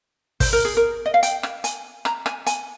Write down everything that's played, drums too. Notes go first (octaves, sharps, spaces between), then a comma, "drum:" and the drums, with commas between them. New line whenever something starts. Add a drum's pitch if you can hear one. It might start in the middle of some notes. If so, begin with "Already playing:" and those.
C5, drum: kick, open hi-hat
A#4
G#4
A#4
D#5
F5
G5, drum: hi-hat
drum: rim click
G#5, drum: hi-hat
A#5, drum: rim click
G#5, drum: rim click
G#5, drum: hi-hat